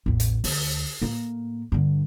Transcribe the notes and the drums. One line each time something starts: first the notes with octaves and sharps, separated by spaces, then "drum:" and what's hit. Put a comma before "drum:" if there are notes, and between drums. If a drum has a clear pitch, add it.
A1 E2
drum: hi-hat
D2, drum: open hi-hat
A2 A#3
G2 D3